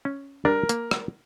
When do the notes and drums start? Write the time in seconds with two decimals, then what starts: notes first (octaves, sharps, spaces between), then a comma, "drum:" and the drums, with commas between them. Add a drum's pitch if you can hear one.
0.05 C#4
0.45 G3 D4 A#4 D5
0.69 A#3, drum: hi-hat
0.91 drum: rim click